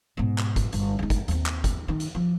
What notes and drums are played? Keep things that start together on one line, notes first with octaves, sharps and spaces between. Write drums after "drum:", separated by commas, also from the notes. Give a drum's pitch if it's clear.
G#2 B2
drum: clap
drum: kick, hi-hat
G1, drum: hi-hat
G#3 D#4
drum: kick, hi-hat
D#2 C4, drum: hi-hat
drum: clap
drum: kick, hi-hat
D#3
drum: hi-hat
F3